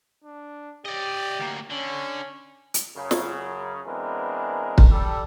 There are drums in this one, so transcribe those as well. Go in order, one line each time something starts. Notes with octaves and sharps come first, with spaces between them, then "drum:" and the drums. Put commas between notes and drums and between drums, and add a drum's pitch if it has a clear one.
D4
G4 D5 D#5
D2 A#3
D3 C#4
drum: hi-hat
F#2 C#3
drum: snare
E3 G#3 B3 C4 D4 A#4
drum: kick
G3 A4